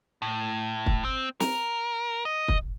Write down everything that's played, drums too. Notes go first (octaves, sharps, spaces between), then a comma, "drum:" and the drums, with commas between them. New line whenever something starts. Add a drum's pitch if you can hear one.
A2
drum: kick
C4
A#4, drum: snare
D#5
drum: kick